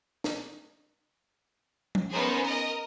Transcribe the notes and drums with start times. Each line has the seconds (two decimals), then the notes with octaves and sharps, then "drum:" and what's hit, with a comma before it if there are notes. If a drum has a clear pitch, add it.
0.24 drum: snare
1.95 drum: tom F3
2.11 B3 C#4 D#4 G#4 A#4 C5
2.44 A#4 D#5, drum: tambourine